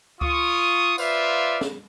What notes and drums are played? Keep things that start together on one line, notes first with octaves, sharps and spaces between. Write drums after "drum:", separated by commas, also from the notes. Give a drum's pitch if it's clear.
F4 C#6 D#6, drum: kick C#2
F4 B4 C5 D5 E5 F5, drum: tambourine
drum: snare